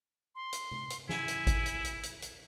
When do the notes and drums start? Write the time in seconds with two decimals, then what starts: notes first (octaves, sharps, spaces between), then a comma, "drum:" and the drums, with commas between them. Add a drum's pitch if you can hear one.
0.35 C6
0.53 drum: hi-hat
0.71 drum: tom C3
0.90 drum: hi-hat
1.09 E4 G#5, drum: snare
1.28 drum: hi-hat
1.47 drum: kick G#1, hi-hat
1.66 drum: hi-hat
1.85 drum: hi-hat
2.03 drum: hi-hat
2.22 drum: hi-hat